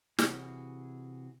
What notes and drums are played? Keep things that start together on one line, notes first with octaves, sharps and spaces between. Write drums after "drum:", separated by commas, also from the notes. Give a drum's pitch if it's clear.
C3 E3 F#4 G#4, drum: snare